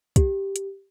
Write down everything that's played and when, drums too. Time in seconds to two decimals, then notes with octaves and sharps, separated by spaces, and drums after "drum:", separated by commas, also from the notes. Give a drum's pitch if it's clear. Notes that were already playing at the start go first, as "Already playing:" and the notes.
0.16 G4, drum: kick, hi-hat
0.56 drum: hi-hat